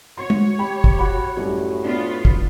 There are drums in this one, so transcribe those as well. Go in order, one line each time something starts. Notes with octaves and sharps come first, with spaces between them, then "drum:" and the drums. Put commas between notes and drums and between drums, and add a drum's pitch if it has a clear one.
F#4 C#5 C6
drum: tom G#3
G4 G5 B5
drum: kick
F#4 B5
F#2 A2 G3
B3 D4 F4
drum: kick